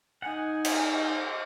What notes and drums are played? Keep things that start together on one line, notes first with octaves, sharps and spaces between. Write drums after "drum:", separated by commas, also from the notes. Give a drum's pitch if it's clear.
D#4 F#5 G#5
drum: cymbal